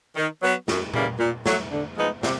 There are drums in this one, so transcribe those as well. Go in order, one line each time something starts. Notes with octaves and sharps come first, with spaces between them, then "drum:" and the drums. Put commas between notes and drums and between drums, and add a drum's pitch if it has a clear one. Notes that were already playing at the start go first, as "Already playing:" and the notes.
D#3
F#3 B3
F#2, drum: snare
C#3 E3 G3 A#3, drum: tom A#2
A#2
F#3 A3, drum: snare
D3
F3 G#3 B3 D#4
C3, drum: snare